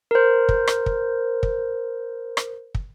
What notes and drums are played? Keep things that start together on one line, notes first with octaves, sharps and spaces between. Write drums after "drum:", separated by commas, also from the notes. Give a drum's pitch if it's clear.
A#4 C5
drum: kick
drum: rim click
drum: kick
drum: kick
drum: rim click
drum: kick